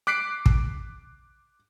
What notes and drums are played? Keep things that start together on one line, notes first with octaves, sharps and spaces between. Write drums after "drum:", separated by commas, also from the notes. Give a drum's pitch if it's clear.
D6 F#6 B6 C7 D7
drum: kick